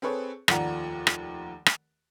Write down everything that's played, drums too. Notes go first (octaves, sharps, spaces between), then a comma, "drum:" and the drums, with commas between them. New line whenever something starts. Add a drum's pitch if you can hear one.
C4 G#4 A4 B4 C#5
F1 D#2 F3 D5 F#5 A#5, drum: rim click
drum: rim click
drum: rim click